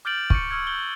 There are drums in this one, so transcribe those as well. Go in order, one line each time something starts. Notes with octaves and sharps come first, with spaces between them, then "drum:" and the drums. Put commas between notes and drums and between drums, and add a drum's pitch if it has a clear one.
D6 F6 G6 A6 D7 F#7
C#6 D6 C#7, drum: kick
C#6 E6 F6 G#6
G6 F#7 G7